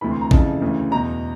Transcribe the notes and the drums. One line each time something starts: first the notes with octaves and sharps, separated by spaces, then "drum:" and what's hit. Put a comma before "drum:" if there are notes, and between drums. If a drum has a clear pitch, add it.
D2 C3 E3 B5
C6
A#5
F2 C#3 E3 A5, drum: kick A1
D2 C#3 E3
E2 B2 A#5